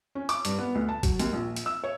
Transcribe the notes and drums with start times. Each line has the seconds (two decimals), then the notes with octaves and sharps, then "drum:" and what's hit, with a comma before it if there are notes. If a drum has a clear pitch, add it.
0.15 C#4
0.29 D6, drum: hi-hat
0.45 G2, drum: hi-hat
0.59 B3
0.75 D2
0.89 A5
1.03 F#3, drum: kick A#1, hi-hat
1.19 D#2, drum: hi-hat
1.33 A#1
1.56 drum: hi-hat
1.66 E6
1.84 C#5